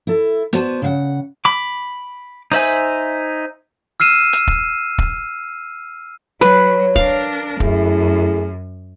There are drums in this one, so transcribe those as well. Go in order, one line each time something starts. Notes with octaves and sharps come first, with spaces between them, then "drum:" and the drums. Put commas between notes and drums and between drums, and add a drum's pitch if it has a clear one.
E4 A4
B3 F#4 C5 D5 G#5 A5, drum: hi-hat
C#3 F5 F#5
B5 D6
D#4 C5 E5 G#5, drum: open hi-hat
E6 F6 C7 D#7 E7
drum: hi-hat
drum: kick
drum: kick
F#3 B4 C#5, drum: rim click
D4 A#4 F5, drum: kick
F#2 A3 E4 G#4, drum: kick